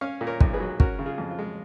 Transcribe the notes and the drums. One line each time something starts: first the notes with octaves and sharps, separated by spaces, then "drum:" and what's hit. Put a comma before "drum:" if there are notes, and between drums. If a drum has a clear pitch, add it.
C#4 C#5 F5
A#2
A#4 C#5
B1, drum: kick
G#4 B4
F#3
C#4 F#4 A#4, drum: kick
C#3
F4 G#4
F2
F4
G#3